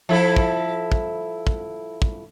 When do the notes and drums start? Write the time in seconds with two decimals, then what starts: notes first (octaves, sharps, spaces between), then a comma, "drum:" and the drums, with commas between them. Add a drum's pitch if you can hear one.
0.09 F3 E4 A4
0.37 drum: kick
0.92 drum: kick
1.47 drum: kick
2.02 drum: kick